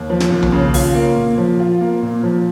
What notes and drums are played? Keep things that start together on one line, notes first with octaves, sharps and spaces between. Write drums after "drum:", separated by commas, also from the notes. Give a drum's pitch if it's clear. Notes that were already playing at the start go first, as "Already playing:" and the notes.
Already playing: D#2
F3
drum: snare
D#2
drum: tom B1
C#3
F4, drum: open hi-hat
A#3
A#2
F3
F4
A#3
A#2
F3